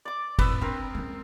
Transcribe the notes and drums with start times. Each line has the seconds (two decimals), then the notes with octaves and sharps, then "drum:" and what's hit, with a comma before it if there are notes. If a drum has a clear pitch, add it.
0.05 D5 D6
0.39 F2 A2 B4 D#6 E6, drum: kick, cymbal
0.61 C4 D4 A#4
0.95 G#3 C#4